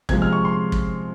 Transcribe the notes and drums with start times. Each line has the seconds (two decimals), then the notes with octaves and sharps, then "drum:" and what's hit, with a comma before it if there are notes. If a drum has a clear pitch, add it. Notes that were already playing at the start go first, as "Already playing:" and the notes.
0.09 C3 F3 G#3 G#6, drum: kick
0.22 F6
0.33 C#6
0.45 C6
0.72 drum: kick